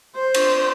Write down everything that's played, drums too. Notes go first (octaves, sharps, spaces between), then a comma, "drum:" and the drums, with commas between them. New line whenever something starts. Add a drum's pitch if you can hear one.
C5
drum: cymbal